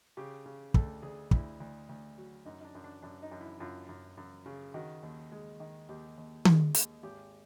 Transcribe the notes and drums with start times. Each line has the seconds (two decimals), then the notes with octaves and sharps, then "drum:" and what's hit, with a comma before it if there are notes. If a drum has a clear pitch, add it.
0.17 C#3 G4
0.46 C#3
0.74 D2 A4, drum: kick
1.02 D2 G#4
1.31 D2 E4, drum: kick
1.60 D2
1.89 D2
2.18 F#3
2.45 F#2 D#4
2.61 D#4
2.65 D4
2.75 F#2
2.84 D4
3.03 F#2 D4
3.22 D#4
3.31 F#2
3.41 E4
3.60 F#2 F4
3.89 F#2
4.17 F#2
4.46 C#3
4.74 D#3 F#4
5.03 D#2
5.32 G#3
5.60 D#3
5.89 D#2 G4
6.17 D#2
6.45 G#3, drum: tom D#3
6.75 D#2, drum: hi-hat
7.03 G#1 G4